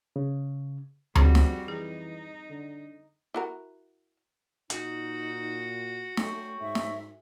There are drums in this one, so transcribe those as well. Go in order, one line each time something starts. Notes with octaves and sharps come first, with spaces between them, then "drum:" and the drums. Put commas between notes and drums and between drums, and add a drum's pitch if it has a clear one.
C#3
F2 F3 G3 C4 F#4 G#4 C#5, drum: tom D2
drum: snare
E3 D#4 G#4
D3
E4 F#4 A#4
A#2 D#4 F#4, drum: hi-hat
A3 C#5 G5 C#6, drum: snare
G#2 E5
drum: snare